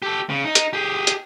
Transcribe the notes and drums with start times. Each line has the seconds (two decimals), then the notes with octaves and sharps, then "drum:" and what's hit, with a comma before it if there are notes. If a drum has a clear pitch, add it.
0.02 G4 A4
0.29 C#3
0.45 D#4
0.55 drum: hi-hat
0.73 G4 G#4
1.07 drum: hi-hat